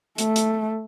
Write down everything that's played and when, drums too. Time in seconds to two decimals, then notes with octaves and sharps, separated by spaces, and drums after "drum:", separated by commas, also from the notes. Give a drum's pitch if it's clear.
0.18 A3, drum: hi-hat
0.36 drum: hi-hat